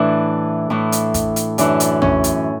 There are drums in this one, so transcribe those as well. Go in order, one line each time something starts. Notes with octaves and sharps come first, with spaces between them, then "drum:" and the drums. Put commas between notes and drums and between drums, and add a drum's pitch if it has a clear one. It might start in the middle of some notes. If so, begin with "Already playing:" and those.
Already playing: A2 E3 D4
A2 E3
drum: hi-hat
drum: kick, hi-hat
drum: hi-hat
F#2 E3 D4, drum: hi-hat
drum: hi-hat
C#4, drum: tom
drum: hi-hat